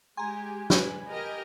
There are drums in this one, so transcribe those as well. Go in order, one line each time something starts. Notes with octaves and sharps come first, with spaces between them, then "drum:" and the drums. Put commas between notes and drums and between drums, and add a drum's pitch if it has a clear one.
G#3 G4 G#5 A#5 C6
B4 B5, drum: snare
G4 A#4 D#5